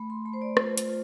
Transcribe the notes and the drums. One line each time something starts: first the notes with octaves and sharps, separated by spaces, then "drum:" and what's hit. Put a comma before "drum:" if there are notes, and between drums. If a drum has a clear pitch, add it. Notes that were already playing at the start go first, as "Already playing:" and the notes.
Already playing: A3 B5
C6
A3 B5
C5
D5
F4 C5, drum: rim click
drum: hi-hat
F4